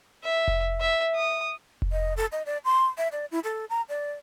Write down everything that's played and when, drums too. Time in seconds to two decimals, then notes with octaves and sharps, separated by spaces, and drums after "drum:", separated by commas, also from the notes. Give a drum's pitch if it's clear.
0.24 E5
0.48 drum: kick F1
0.80 E5
1.15 D#6
1.82 drum: kick F1
1.92 D#5
2.17 A4
2.32 D#5
2.46 D5
2.65 C6
2.98 E5
3.12 D5
3.31 E4
3.44 A4
3.70 A#5
3.89 D5